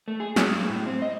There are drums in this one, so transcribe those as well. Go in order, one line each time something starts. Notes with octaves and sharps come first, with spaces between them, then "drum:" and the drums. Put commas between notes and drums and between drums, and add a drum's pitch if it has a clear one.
A3
G#4
F#3, drum: snare
G2
A2
C4
D#5